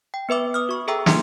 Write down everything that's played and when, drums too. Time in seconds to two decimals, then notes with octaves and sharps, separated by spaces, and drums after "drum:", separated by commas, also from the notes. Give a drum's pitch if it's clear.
0.14 G5
0.29 B3 B4 E5 D6
0.54 D#6 F6
0.69 F#4 C#6
0.88 G#4 A4 E5 G5 A#5 E6
1.06 D#4 F4 E5 A#5 C6, drum: snare